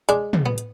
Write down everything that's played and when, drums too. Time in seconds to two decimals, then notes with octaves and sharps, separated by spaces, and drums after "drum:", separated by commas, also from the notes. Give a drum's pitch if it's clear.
0.09 G#3 D4, drum: hi-hat
0.33 drum: tom
0.46 B3
0.58 drum: hi-hat